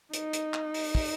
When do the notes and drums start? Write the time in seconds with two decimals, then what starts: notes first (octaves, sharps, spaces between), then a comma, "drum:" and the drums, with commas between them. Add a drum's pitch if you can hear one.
0.14 D#4, drum: hi-hat
0.33 drum: hi-hat
0.54 drum: clap
0.74 drum: open hi-hat
0.95 drum: kick, open hi-hat